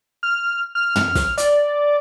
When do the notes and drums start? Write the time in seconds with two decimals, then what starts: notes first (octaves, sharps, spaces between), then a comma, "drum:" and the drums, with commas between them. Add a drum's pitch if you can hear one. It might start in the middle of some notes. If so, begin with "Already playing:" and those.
0.23 F6
0.75 F6
0.96 F6, drum: tom
1.15 drum: snare
1.38 D5, drum: hi-hat